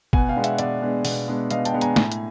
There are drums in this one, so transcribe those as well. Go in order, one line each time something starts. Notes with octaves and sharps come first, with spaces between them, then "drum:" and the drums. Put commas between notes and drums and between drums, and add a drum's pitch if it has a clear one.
B2 F#5 G#5, drum: kick
F5 G5
G#3 B3 D4
E5 F#5, drum: hi-hat
B2 D5 E5, drum: hi-hat
G#3 B3 D4
B2, drum: open hi-hat
G#3 B3 D4
B2 D#5 F5, drum: hi-hat
G5 A5, drum: hi-hat
G#3 B3 D4
G#5 A#5, drum: hi-hat
A2, drum: snare
drum: hi-hat